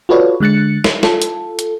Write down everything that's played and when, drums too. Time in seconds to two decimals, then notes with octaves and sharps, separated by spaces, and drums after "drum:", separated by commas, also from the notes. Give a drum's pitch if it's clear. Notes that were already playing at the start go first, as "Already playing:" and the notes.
0.09 F4 F#4 A4 B4 C#5 D5
0.40 D3 G#3 F#6 A6 C#7
0.84 drum: snare
1.03 F4 A4, drum: snare
1.22 drum: hi-hat
1.59 drum: hi-hat